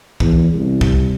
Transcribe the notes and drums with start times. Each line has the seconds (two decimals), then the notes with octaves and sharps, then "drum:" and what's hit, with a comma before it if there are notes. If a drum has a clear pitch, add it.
0.20 E2, drum: kick
0.55 C2
0.81 drum: kick